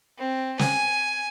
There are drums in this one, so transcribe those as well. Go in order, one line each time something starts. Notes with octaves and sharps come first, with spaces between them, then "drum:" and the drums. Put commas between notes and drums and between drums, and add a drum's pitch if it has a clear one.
C4
G#5, drum: snare